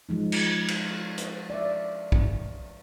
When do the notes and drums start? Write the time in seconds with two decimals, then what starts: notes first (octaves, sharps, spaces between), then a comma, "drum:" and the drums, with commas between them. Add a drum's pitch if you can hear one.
0.09 F3 G#3 D#4
0.32 drum: cymbal
0.68 drum: cymbal
1.18 drum: hi-hat
1.50 D5 E5
2.12 drum: kick